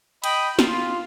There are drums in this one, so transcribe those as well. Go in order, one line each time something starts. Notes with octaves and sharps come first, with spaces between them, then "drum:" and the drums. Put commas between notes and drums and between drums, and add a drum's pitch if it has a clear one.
D#5 G5 B5 D#6, drum: cymbal
F4, drum: snare